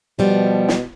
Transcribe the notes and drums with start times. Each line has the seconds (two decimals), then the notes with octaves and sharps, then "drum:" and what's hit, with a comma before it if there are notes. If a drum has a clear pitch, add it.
0.19 B2 F3 G3 B3
0.69 drum: snare